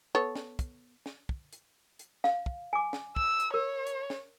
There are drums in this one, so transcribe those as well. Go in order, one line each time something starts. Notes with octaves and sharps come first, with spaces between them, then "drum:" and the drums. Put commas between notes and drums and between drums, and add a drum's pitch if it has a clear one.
B3 A4 C#5
drum: snare
drum: kick, hi-hat
drum: snare
drum: kick
drum: hi-hat
drum: hi-hat
F5, drum: snare
drum: kick
G#5 D6
drum: snare
E6, drum: kick
drum: hi-hat
A#4 C#5
drum: hi-hat
drum: snare